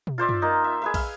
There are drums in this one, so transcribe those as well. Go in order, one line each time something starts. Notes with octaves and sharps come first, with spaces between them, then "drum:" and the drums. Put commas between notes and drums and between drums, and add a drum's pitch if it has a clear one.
drum: tom
F4 C5 D5 E5
drum: tom
A#3 D#4
E5
G#4 B4 E5
F5, drum: kick, cymbal